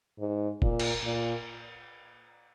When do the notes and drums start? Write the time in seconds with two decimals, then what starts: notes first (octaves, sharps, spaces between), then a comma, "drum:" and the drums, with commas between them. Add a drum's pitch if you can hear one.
0.19 G#2
0.62 A#2, drum: kick F1
0.80 drum: cymbal
1.04 A#2